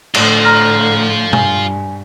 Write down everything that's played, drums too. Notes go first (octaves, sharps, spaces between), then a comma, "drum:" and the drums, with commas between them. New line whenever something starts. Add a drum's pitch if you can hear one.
A2 D3 F4 C5, drum: cymbal
A#5 F6 A#6
G2 G#5, drum: tom